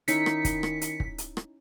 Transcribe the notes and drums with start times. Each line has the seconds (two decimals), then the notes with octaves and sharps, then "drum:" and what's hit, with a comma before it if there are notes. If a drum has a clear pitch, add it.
0.08 D#3 C#4 D#4 E4 B6 C#7, drum: hi-hat
0.26 drum: rim click
0.45 drum: kick, hi-hat
0.63 drum: rim click
0.81 drum: hi-hat
1.00 drum: kick
1.18 drum: hi-hat
1.37 drum: rim click